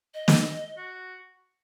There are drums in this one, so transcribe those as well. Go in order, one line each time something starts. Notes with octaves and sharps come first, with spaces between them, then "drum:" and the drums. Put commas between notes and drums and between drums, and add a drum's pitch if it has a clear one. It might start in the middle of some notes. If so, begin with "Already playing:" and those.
D#5
drum: snare
F#4